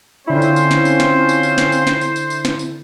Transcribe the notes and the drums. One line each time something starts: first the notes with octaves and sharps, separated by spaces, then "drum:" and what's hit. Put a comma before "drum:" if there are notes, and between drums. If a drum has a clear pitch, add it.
D3 C4 C#4 E4 F4 C5
drum: tambourine
drum: tambourine
drum: snare
drum: tambourine
drum: snare
drum: tambourine
drum: tambourine
drum: snare
drum: tambourine
drum: snare
drum: tambourine
drum: tambourine
drum: tambourine
drum: snare
drum: tambourine